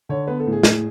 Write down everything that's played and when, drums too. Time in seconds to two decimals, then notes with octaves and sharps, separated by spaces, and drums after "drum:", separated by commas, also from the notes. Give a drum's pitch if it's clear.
0.09 D3 C#5
0.27 B3 B4
0.40 A4
0.46 A2
0.52 G#4
0.63 A2, drum: snare